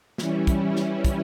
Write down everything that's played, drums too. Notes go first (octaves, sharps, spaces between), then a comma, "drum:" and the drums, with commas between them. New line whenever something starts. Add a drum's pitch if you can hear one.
E3 G3 C#4 E4, drum: snare
drum: kick, hi-hat
drum: snare
drum: kick, hi-hat